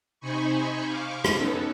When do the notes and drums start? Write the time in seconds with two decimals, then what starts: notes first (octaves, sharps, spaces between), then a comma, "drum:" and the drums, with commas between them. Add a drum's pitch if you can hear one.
0.20 C3 D#4 C5 G#5 B5 C#6
0.86 F5 C#6 D6
1.24 drum: rim click
1.33 B3 C#4 D#4 A4 B4